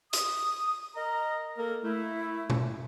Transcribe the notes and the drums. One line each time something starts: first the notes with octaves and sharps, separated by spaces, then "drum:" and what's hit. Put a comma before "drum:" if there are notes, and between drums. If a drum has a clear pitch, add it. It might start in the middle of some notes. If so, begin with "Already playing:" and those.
D#6, drum: hi-hat
A#4 D#5 A#5
A#3 A4 A#4
A3 E4
drum: tom B2